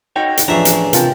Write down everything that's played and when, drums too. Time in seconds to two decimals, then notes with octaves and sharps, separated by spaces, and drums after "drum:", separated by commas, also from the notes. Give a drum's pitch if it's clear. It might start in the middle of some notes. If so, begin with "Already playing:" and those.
0.16 D#4 F#4 C#5 G5
0.37 drum: hi-hat
0.48 A1 F3 D4 G#4 C#5 E5 A#5
0.65 drum: hi-hat
0.93 C3 F4 A#4 G5 A5, drum: hi-hat